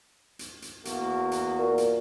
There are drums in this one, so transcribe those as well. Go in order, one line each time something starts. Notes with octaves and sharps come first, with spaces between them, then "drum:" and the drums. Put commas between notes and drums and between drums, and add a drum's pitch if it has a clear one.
drum: hi-hat
drum: hi-hat
E2 A#3 F#4, drum: hi-hat
drum: hi-hat
A#2
drum: hi-hat